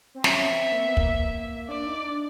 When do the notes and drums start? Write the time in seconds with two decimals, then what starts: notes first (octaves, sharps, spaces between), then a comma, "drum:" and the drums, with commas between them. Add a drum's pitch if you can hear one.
0.14 C4
0.24 C#4 E5, drum: snare
0.49 C4
0.72 A#3
0.87 B3
0.97 A#3, drum: kick
1.69 D4 D5
1.86 D#4
2.04 D4